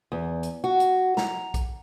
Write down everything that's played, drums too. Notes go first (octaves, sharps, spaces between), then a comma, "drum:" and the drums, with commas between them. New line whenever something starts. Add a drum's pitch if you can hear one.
E2
drum: hi-hat
F#4
drum: hi-hat
A#5, drum: snare
drum: kick A#1, hi-hat